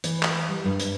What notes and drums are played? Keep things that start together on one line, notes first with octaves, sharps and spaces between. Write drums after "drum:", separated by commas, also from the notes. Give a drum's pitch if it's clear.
E3, drum: hi-hat
drum: clap
G3
G2
drum: hi-hat